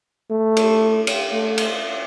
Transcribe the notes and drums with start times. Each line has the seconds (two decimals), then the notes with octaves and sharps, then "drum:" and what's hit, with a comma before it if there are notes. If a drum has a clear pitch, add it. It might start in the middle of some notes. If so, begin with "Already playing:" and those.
0.31 A3
0.57 drum: cymbal
1.07 drum: cymbal
1.33 A3
1.58 drum: cymbal